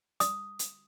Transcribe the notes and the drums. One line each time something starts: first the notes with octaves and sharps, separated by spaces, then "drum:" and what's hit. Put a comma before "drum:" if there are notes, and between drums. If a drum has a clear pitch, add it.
D#6, drum: hi-hat
drum: hi-hat